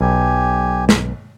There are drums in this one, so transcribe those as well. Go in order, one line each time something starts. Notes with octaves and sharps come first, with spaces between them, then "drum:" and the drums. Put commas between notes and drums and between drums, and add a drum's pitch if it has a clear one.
B1 G4 G#5
drum: snare